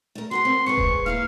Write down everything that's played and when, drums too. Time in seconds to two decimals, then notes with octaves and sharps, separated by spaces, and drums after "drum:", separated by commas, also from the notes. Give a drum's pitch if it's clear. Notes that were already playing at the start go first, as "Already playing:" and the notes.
0.15 A3 A#4
0.31 F#4 A#4 F#5 C6
0.45 C4
0.66 G#2 G#4 B4 C#6
0.78 drum: kick D#1
1.06 A#3 E4 E5 F5